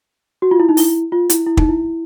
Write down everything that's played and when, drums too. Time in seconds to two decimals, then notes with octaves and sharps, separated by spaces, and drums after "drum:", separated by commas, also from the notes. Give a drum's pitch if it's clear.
0.42 F#4
0.51 F4
0.60 E4
0.69 D#4
0.77 E4, drum: open hi-hat
1.12 F4
1.30 E4, drum: hi-hat
1.47 E4
1.57 D#4, drum: kick
1.69 E4